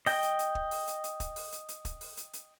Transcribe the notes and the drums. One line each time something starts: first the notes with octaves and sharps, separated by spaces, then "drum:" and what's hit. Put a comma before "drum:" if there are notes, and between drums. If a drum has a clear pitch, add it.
D#5 G5, drum: open hi-hat
drum: hi-hat
drum: hi-hat
drum: kick
drum: open hi-hat
drum: hi-hat
drum: hi-hat
drum: kick, hi-hat
drum: open hi-hat
drum: hi-hat
drum: hi-hat
drum: kick, hi-hat
drum: open hi-hat
drum: hi-hat
drum: hi-hat